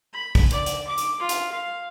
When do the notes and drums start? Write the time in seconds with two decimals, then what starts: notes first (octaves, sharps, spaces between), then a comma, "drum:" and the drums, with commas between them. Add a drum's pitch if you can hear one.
0.13 B5
0.35 drum: kick, open hi-hat
0.51 D5, drum: hi-hat
0.66 drum: hi-hat
0.87 D6
0.98 drum: hi-hat
1.19 F4
1.29 drum: hi-hat
1.52 F5